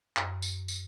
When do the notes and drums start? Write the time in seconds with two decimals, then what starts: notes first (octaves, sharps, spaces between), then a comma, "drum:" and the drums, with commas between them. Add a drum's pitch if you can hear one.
0.16 F#2, drum: clap
0.42 drum: tambourine
0.68 drum: tambourine